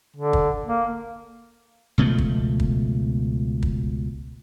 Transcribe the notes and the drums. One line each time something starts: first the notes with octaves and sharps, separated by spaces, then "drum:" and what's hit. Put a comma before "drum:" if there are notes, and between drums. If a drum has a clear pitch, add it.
D3
drum: kick
A#3
C#2 B2 F3 A3
drum: kick
drum: kick
drum: kick